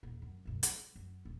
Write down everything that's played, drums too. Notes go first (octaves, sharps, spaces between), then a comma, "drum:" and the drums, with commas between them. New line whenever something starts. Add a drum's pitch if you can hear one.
D#1 E2
F#2
F#2 B2
G3, drum: hi-hat
F#2
D#1